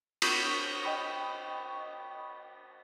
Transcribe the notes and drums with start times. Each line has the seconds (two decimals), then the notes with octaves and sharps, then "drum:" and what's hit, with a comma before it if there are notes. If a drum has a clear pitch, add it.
0.22 B5 C#6 D#6 G6 A#6 B6, drum: cymbal
0.83 D#5 G5 B5 C#6 D#6